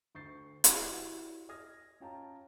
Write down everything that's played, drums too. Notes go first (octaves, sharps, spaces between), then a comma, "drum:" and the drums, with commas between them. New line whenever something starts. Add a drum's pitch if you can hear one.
D2 C#6 G6 A6 C7
E4 F#4 G4 B4 C#5 D5, drum: hi-hat
D#5 D#6 F6 G#6 A#6
C#4 F4 C#5 G5 A5 A#5